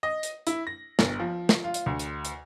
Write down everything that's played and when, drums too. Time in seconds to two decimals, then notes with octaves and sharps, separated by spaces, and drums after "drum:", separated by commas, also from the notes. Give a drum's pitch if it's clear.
0.03 D#5
0.23 drum: hi-hat
0.47 E4, drum: hi-hat
0.67 A#6
0.99 G1, drum: snare
1.20 F3
1.49 drum: snare
1.64 F4
1.74 drum: hi-hat
1.86 D2
1.99 drum: hi-hat
2.25 drum: hi-hat